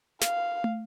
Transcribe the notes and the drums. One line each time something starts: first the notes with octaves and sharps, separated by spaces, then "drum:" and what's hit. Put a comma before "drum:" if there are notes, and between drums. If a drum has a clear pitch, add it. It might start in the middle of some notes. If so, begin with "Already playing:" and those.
F5, drum: snare
drum: tom